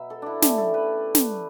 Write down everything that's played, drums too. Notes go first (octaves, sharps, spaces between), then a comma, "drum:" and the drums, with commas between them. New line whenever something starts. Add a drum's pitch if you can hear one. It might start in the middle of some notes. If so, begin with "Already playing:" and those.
Already playing: B2 F#3 B3 E5
A4
D4 E4
D3 A3 C#4 G4, drum: snare
A4
B4
drum: snare